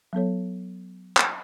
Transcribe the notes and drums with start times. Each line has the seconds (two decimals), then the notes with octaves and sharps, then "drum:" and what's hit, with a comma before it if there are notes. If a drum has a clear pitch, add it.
0.13 F#3 B3 A4 C#5
1.17 drum: clap